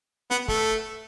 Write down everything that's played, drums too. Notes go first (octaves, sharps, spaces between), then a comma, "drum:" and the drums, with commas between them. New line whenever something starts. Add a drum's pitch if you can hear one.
B3, drum: snare
A3, drum: kick